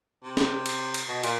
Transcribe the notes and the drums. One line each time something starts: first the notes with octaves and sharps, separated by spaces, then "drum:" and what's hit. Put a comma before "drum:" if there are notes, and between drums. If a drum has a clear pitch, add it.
C3
drum: snare
drum: cymbal
drum: cymbal
B2
A#2, drum: cymbal